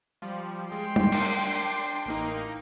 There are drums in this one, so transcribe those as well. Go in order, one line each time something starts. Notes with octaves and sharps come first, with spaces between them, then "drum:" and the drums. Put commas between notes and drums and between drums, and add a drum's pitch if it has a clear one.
F3 G3
G#3 G5 C6
drum: tom G3
D4, drum: cymbal
A1 A#3 D#4